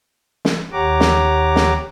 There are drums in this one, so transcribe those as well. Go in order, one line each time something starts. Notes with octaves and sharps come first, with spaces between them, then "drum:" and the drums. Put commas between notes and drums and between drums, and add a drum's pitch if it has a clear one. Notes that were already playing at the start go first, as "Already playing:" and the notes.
drum: snare
D#2 G4 C#5 F#5 A#5 D6
drum: snare
drum: snare